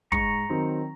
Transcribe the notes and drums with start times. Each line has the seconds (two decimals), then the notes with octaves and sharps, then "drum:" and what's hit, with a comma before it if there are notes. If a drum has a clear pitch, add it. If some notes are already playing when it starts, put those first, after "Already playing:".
0.12 G#2 A#5 C#6, drum: kick
0.49 D#3 F#3 C4 D#4